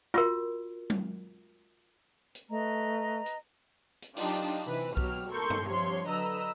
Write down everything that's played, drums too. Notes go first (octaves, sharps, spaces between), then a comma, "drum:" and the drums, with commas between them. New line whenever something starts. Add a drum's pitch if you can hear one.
F4 F#4 A#4
drum: tom F#3
drum: hi-hat
A3 B4 D#5 A#5
drum: hi-hat
drum: hi-hat
F#3 D4 D#4 F4 G4, drum: open hi-hat
C3 E3 B4
B2 F#3 G4 F6, drum: kick B1
A4 A#4 C6 C#6 G6
drum: tom G2
G2 C3 F3 C#5 C6
D3 F#3 B4 D#5 A#5 E6